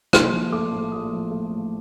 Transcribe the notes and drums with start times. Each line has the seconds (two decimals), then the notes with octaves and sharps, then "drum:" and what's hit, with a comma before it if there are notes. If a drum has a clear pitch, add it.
0.13 A#1 C6, drum: rim click
0.32 F3
0.52 A3 D6
0.72 A2
0.92 A#1 D#6
1.12 F3
1.31 A3
1.51 A2